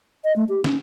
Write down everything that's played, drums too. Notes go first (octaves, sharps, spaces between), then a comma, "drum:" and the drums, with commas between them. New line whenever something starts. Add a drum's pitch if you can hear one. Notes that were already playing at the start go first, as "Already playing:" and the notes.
D#5
A3
G4
C#4, drum: snare